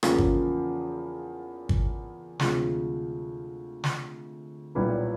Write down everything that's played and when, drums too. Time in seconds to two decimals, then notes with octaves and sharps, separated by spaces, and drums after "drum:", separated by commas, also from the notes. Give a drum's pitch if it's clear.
0.03 E2 C#3 F3 A#3, drum: rim click
0.18 drum: kick
1.69 drum: kick
2.39 D2 C3 F3 G#3, drum: snare
3.84 drum: snare
4.75 B1 A#2 G3 B3 E4